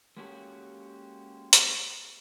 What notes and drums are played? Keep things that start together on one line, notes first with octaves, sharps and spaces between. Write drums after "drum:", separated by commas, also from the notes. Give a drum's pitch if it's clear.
G#3 A#3 C#4 F#4 G4 A4
drum: hi-hat